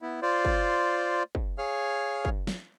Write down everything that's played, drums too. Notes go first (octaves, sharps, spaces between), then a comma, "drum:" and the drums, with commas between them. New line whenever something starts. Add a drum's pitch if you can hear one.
B3 E4
F4 C5 D5
drum: kick
drum: kick
G#4 C#5 F5 F6
drum: kick
drum: snare